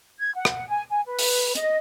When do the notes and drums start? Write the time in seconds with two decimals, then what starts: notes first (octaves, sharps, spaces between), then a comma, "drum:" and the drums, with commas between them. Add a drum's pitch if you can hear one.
0.20 G#6
0.35 F#5
0.45 drum: rim click
0.68 G#5
0.90 G#5
1.06 B4
1.19 drum: open hi-hat
1.55 D#5, drum: hi-hat